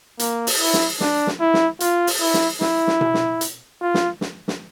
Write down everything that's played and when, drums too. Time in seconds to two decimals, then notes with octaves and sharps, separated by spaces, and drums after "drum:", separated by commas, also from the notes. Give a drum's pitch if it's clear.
0.19 A#3, drum: hi-hat
0.47 drum: open hi-hat
0.60 E4
0.74 drum: snare
1.00 D4, drum: snare
1.27 drum: snare
1.40 E4
1.54 drum: snare
1.80 F4, drum: hi-hat
2.07 drum: open hi-hat
2.20 E4
2.34 drum: snare
2.61 E4, drum: snare
2.87 drum: snare
3.01 drum: tom B2
3.14 drum: snare
3.41 drum: hi-hat
3.81 F4
3.94 drum: snare
4.21 drum: snare
4.48 drum: snare